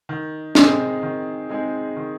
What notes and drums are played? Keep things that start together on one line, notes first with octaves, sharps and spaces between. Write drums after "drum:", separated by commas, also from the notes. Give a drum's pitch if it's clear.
D#3
G#3 C4 D#4 G#4, drum: snare
D#3
G#3 C4 D#4 G#4
D#3